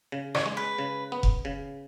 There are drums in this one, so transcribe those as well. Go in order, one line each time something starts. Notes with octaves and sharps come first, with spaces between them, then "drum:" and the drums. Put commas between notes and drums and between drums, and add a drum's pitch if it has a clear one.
C#3
C#5, drum: rim click
G#3
B4
C#3
B3
drum: kick F1
C#3